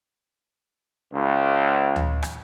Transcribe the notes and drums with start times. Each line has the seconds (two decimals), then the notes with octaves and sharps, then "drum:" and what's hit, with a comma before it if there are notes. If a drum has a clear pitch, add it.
1.13 C#2
1.96 drum: tom D2
2.22 drum: rim click